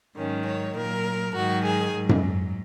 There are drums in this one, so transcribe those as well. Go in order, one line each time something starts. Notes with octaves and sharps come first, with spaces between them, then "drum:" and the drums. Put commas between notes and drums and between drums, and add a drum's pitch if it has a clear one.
G#2 D#3 F#3 C#4
C#5
A#2 F#3 A#4
G#2 D#3 F#3 F#4
G#4
G#2 F#3
drum: tom F#2